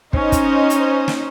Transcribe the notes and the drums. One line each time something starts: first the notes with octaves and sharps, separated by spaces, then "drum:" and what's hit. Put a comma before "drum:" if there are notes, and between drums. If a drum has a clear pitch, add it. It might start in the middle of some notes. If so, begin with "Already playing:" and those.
C#4 D#4 C5 D#5, drum: kick
drum: kick, hi-hat
drum: hi-hat
drum: snare